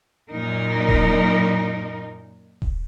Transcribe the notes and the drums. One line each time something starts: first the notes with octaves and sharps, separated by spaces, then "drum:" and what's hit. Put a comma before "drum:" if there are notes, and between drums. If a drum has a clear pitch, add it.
F#2 A#2 D#4 A#4
drum: kick D#1
drum: kick D#1